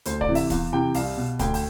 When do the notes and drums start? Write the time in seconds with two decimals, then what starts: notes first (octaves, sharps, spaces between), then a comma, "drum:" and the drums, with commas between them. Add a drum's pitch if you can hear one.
0.06 D2 C5, drum: hi-hat
0.21 D5, drum: kick
0.28 C3 E3
0.35 E5, drum: open hi-hat
0.50 E2 F5, drum: kick, hi-hat
0.72 C3 E3 G5
0.94 C2 F5, drum: open hi-hat
1.17 B2
1.39 D2 G5, drum: kick, hi-hat
1.54 G5, drum: open hi-hat